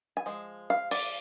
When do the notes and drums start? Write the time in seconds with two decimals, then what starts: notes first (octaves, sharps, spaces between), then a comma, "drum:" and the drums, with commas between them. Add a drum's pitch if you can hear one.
0.17 G#5
0.26 F3 G#3
0.70 F5
0.91 D5, drum: open hi-hat